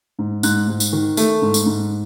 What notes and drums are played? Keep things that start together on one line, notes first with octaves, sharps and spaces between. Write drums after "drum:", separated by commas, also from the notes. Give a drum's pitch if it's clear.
G#2
G#2 F#6, drum: tambourine
G#2
drum: tambourine
D#3
A3, drum: tambourine
G#2
drum: tambourine
G#2